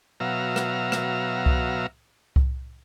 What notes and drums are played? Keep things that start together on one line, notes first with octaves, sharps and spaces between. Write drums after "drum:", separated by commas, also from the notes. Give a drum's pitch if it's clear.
B2 F#3 E5 F5 A#5
drum: rim click
drum: rim click
drum: kick C2
drum: kick C2